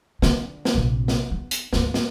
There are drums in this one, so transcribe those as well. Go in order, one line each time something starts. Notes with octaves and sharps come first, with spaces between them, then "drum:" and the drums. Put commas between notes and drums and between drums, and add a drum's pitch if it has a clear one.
D3, drum: snare
drum: snare
A#1 C3
drum: snare
B3
drum: hi-hat
D2 G#2, drum: snare
drum: snare